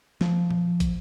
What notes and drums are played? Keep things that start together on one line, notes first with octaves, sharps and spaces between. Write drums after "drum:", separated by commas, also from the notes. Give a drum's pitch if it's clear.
F3, drum: snare
drum: tom A#2
drum: kick, hi-hat